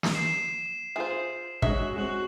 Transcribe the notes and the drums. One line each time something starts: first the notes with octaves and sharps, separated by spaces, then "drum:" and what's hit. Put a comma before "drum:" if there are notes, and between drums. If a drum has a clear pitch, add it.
drum: snare
C7 E7
E4 F4 G#4 C5
G#3 C#4 F#4 D#5 E5, drum: kick
G#3 C4 C#4 F#4